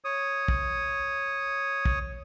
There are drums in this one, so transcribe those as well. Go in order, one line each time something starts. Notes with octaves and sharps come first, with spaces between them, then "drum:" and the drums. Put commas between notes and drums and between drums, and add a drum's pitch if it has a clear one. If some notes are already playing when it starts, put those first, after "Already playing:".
C#5 D#6
drum: kick
drum: kick